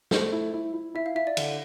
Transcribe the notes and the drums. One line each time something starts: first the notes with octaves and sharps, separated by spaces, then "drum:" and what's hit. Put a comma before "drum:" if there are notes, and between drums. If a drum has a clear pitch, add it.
A3 C5, drum: snare
E4
E4
E4
E4 E5
F5
E4 E5
D5
D3, drum: cymbal